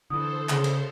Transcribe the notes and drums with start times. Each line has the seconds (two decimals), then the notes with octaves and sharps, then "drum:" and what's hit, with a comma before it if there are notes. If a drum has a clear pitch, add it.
0.10 D3 E3 A4 C5 D#6
0.49 C#3, drum: clap
0.64 drum: cymbal